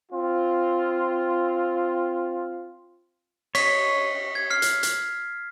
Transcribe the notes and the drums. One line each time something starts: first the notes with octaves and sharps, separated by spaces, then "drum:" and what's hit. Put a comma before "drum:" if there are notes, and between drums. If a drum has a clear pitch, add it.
C4 F4
C#5 D#5 B6, drum: cymbal
G#6
F6 C7
drum: hi-hat
drum: hi-hat